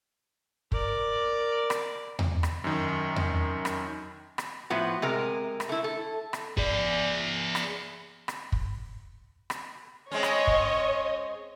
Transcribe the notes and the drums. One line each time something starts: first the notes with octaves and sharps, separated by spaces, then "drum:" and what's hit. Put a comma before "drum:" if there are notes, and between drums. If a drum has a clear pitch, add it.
A#4 D5, drum: kick
drum: rim click
drum: tom E2
drum: rim click
F#2 D#3
drum: tom E2
drum: rim click
drum: rim click
A2 F3 B3 F#4
C3 G#3 A#4
drum: rim click
A3 E4
A4
drum: rim click
G#4 D5, drum: kick
drum: rim click
drum: rim click
drum: kick
drum: rim click
G#3 C4 C#4 C#5 D#5
drum: rim click
drum: kick